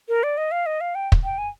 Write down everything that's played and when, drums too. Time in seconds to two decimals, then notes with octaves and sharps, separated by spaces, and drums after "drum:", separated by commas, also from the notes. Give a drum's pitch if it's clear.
0.09 A#4
0.23 D5
0.37 D#5
0.52 F5
0.66 D#5
0.81 F5
0.95 G5
1.12 drum: kick
1.24 G5
1.38 G#5